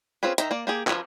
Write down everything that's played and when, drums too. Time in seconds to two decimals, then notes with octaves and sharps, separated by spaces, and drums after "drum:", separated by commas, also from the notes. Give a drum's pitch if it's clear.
0.23 C4 C#4 F4 G#4 B4
0.38 D#3 E3 D#4 E5 A#5, drum: hi-hat
0.51 A#3 D5
0.67 A#3 G4 G#4
0.87 F3 A#4 B4 G#5, drum: clap